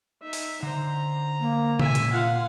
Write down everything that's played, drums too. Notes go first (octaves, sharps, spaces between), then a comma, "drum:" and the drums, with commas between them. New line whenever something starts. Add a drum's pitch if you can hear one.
D#4 E5
drum: open hi-hat
D3 C5 A#5
A#3
A#2 E5 G#5, drum: tom C3
drum: hi-hat
F4 F5 F#5